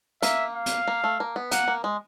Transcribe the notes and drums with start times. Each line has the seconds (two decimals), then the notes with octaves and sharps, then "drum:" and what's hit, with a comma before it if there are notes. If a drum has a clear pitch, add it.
0.22 A#3 E5, drum: hi-hat
0.55 F5
0.66 drum: hi-hat
0.87 A#3
1.04 A3
1.20 A#3
1.36 B3
1.51 A#3 F#5, drum: hi-hat
1.68 A#3
1.84 G#3